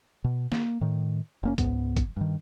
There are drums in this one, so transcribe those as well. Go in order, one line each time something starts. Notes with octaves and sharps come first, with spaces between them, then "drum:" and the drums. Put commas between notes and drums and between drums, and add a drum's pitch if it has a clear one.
B2
A#3, drum: snare
A2 D#3
F1 A#3 C#4
C#2 G#2 B3, drum: kick, hi-hat
drum: kick, hi-hat
G2 D#3